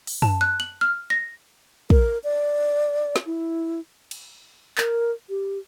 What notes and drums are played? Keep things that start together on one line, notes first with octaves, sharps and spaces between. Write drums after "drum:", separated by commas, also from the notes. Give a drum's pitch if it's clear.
drum: open hi-hat
A5, drum: tom F#2
F#6
F#7
F6
A#6
A#4, drum: kick
D5
drum: snare
E4
drum: cymbal
A#4, drum: clap
G4